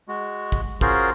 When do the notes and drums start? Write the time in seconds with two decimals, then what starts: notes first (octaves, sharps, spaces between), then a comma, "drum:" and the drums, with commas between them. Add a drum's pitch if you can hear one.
0.08 G#3 F#4
0.52 drum: kick
0.81 C#4 F4 F#4 G#4 A#4 C5, drum: kick